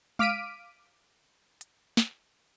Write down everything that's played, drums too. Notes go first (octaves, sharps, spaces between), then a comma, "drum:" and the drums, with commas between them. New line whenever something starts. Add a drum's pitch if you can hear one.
F5 D6 F6 B6 D7 D#7, drum: tom G#3
drum: hi-hat
drum: snare